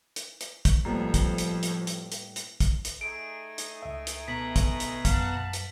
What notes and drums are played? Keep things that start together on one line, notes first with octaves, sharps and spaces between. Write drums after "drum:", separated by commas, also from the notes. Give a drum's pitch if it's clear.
drum: hi-hat
drum: hi-hat
drum: kick, hi-hat
F2 A2 F3 G3 A#3 B3
drum: kick, hi-hat
drum: hi-hat
drum: hi-hat
drum: hi-hat
drum: hi-hat
drum: hi-hat
drum: kick, hi-hat
drum: hi-hat
A3 D#4 G#4 D7
drum: hi-hat
C#2 E5
drum: hi-hat
B2 A#5 B6 F#7
drum: kick, hi-hat
drum: hi-hat
F#2 F5 F#5 A5, drum: kick, hi-hat
drum: hi-hat